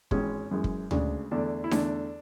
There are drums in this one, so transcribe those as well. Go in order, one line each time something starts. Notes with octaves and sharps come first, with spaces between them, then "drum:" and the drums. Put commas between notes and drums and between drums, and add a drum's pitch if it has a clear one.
G#1 G#2 E3 G#3 C#4, drum: kick
F#2 E3 G#3
drum: kick
D2 C#3 G#3 D4, drum: tom D2
E2 D3 A3 D4
E4
E2 D3 A3 D4, drum: snare D#4